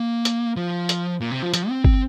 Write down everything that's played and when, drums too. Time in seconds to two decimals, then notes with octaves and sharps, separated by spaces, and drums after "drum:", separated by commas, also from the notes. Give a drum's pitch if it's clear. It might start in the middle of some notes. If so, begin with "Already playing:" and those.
Already playing: A#3
0.25 drum: hi-hat
0.57 F3
0.89 drum: hi-hat
1.21 A#2
1.31 C3
1.42 F3
1.54 F3, drum: hi-hat
1.69 C4
1.84 C4, drum: kick G1